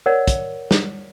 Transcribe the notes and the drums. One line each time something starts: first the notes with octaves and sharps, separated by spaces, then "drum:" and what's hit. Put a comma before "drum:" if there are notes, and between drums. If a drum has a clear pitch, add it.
A#4 C#5 D5 F#5
drum: kick, hi-hat
drum: snare